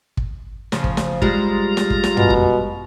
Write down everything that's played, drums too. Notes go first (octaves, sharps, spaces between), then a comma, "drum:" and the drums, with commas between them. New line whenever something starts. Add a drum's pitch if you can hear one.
drum: kick
C#3 F3, drum: snare
drum: kick
drum: snare
G3 G#3 F4 A#5, drum: kick
drum: snare
drum: kick
drum: snare
B2, drum: tom
drum: kick